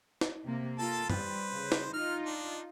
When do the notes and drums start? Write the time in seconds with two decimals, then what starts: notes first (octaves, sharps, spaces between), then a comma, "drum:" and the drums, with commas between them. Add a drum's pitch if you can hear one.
0.21 drum: snare
0.45 C3 A#3
0.79 A#3 F4 A4 A5
1.10 G3 B4 C5, drum: tom
1.51 C#3
1.72 drum: snare
1.93 D#4 F4 F6
2.26 D4